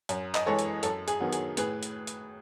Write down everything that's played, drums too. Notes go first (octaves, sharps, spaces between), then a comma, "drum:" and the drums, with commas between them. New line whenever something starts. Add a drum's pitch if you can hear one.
F#2, drum: hi-hat
D#5, drum: clap
E3 G#3 A4 C#5
drum: hi-hat
F#2 A4, drum: hi-hat
G#4, drum: hi-hat
D#3 F#3 B3
G#4, drum: hi-hat
A2 G#4 B4, drum: hi-hat
drum: hi-hat
drum: hi-hat